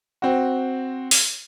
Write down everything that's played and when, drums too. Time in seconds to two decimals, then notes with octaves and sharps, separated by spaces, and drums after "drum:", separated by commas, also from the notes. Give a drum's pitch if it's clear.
0.22 C4 F#4
1.11 drum: open hi-hat